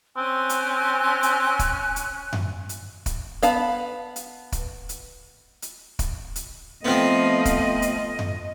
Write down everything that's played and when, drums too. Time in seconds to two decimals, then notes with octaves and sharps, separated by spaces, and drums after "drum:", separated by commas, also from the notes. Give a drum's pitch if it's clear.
0.17 C4 C#4 G#5 F#6
0.49 drum: hi-hat
1.23 drum: hi-hat
1.59 drum: kick, hi-hat
1.96 drum: hi-hat
2.33 drum: tom F#2
2.69 drum: hi-hat
3.06 drum: kick, hi-hat
3.43 B3 F5 A5 B5, drum: hi-hat
4.16 drum: hi-hat
4.52 drum: kick, hi-hat
4.89 drum: hi-hat
5.62 drum: hi-hat
5.99 drum: kick, hi-hat
6.36 drum: hi-hat
6.85 F3 A3 B3 C4 D#5
7.45 drum: kick, hi-hat
7.82 drum: hi-hat
8.19 drum: tom F#2